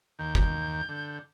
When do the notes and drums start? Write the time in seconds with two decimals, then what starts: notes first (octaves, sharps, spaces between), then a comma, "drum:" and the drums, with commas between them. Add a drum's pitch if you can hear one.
0.19 D#2 D#3 G6
0.35 drum: kick
0.89 D3